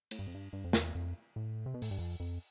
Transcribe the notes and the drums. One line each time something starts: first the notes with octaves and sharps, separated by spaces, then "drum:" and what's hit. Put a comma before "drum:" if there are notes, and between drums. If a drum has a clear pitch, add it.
A2, drum: cymbal
G2
F2
G2
G2
F2
E2, drum: snare
F2
A2
C3
B2
A2, drum: open hi-hat
G2
F2
F2